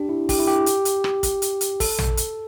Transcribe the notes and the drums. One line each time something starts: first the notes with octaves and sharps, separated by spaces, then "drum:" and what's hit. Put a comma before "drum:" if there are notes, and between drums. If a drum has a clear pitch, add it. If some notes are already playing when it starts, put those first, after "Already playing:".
Already playing: D4 G4
E4
G4, drum: kick, open hi-hat
E4
G4
drum: hi-hat
drum: hi-hat
drum: rim click
drum: kick, hi-hat
drum: hi-hat
drum: hi-hat
A4, drum: kick, open hi-hat
drum: tom
drum: hi-hat